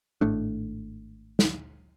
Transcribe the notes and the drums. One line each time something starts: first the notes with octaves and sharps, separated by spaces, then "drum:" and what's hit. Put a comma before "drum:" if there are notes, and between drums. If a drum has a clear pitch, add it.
G#1 A2 A3 D4
drum: snare